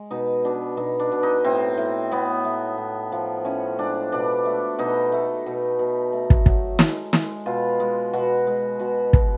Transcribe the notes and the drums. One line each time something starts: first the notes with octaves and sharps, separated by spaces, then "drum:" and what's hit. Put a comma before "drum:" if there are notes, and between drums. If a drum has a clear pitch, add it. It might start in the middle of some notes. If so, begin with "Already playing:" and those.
Already playing: G#3
B2 D#4
B2 D4
B2 D#4
D4
B2
D#4
A2 C4
A2
A2 B3
A2
A2
F3
A2 C#4
G#3 D4
B2 D4
A3
B2 D#4
A3
B2
B2
A3
drum: kick
F#3, drum: kick
G#3, drum: snare
G#3, drum: snare
B2 F4
G#3
B2 F#4
G#3
B2 F#4
B2, drum: kick